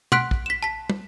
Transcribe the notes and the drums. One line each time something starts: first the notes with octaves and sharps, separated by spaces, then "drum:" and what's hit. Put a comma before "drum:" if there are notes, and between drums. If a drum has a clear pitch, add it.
F#5 C6 F6 F#6 B6 D7, drum: tom
drum: kick
B6 E7
A5 B6
drum: tom